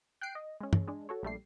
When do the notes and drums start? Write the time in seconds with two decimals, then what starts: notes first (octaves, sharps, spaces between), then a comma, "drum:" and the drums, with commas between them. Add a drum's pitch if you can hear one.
0.21 G5 F#6 G6 C7 D7
0.35 D#5
0.61 G#3 C#4
0.73 drum: tom
0.88 G#3 D4
1.09 F#4 A4 C#5
1.23 A#1 G3 A3 C7